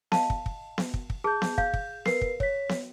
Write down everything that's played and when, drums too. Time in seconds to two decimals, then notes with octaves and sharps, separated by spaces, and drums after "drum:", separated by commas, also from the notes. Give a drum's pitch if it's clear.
0.12 D#5 F5 A5, drum: snare B3
0.30 drum: kick
0.46 drum: kick
0.78 drum: snare B3
0.94 drum: kick
1.10 drum: kick
1.24 G#4 A5 G6
1.42 drum: snare B3
1.58 F5 G6, drum: kick
1.74 drum: kick
2.05 A#4 B4 C7, drum: snare B3
2.21 drum: kick
2.40 C#5 B6, drum: kick
2.69 drum: snare B3